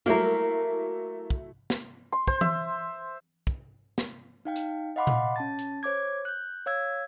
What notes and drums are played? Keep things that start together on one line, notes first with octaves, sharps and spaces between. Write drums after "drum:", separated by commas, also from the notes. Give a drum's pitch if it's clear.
F#3 A3 A#3 E4 A#4
drum: kick
drum: snare
C6
C5, drum: kick
E5, drum: tom E3
drum: kick
drum: snare
D#4 F5 G5
drum: hi-hat
D#5 F5 F#5 B5 C6 D6
drum: tom A#2
C#4 A5 A6
drum: hi-hat
C5 C#5 D6 G#6
F#6 G6
C#5 F5 E6 G#6